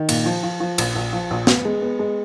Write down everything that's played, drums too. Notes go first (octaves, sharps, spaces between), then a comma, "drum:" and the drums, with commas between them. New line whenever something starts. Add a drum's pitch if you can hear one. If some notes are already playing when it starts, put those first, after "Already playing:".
Already playing: D#3
A#2, drum: cymbal
F3
F3
F3
A#1, drum: cymbal
A#1
F3
A#1
B3, drum: snare
G#3
B3
G#3